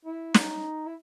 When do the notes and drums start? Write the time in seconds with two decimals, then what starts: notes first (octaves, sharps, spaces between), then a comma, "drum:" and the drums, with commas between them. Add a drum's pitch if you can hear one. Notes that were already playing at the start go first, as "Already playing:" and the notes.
0.05 E4
0.34 D#4, drum: snare
0.86 E4